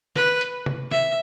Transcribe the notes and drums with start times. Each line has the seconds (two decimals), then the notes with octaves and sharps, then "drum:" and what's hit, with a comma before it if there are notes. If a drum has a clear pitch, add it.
0.16 B4, drum: snare
0.41 drum: hi-hat
0.66 drum: tom C3
0.91 E5, drum: snare